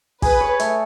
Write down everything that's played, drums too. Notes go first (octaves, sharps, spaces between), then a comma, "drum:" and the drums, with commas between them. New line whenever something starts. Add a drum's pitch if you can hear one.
G#4 B4, drum: kick, open hi-hat
C#5
A3, drum: hi-hat